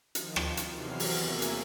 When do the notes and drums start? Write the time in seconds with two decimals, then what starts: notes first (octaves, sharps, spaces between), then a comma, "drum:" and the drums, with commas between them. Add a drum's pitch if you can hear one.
0.15 D#3 F3, drum: hi-hat
0.36 drum: rim click
0.57 drum: hi-hat
0.72 E2 C3 E3 F#3 F6 C7
1.00 drum: open hi-hat
1.26 A3 A#3 G#4 A#4 E5
1.42 drum: hi-hat